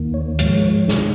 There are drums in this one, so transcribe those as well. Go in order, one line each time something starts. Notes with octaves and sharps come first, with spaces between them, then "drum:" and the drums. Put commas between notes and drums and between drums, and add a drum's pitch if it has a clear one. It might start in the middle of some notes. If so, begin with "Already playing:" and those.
Already playing: D#2 D#3 A#3
C#5
G#2 F3 G#3 C#5, drum: hi-hat
C3 D#3 G#3, drum: snare